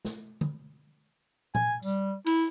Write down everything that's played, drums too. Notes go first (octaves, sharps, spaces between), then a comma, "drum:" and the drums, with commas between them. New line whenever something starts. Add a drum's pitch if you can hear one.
drum: snare
drum: tom D3
G#5, drum: tom A#2
G3, drum: tambourine
E4, drum: cymbal